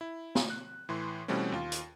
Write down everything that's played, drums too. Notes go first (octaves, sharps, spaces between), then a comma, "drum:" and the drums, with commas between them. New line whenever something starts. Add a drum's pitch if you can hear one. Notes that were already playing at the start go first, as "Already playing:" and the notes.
E4
drum: snare
F#6
A2 E3 C6
B2 E3 G3 A3 C4 C#4
D#2 F4
drum: hi-hat